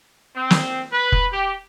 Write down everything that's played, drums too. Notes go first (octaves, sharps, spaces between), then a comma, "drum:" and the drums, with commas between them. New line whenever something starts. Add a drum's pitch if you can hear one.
C4
drum: snare
B4
drum: kick F1
G4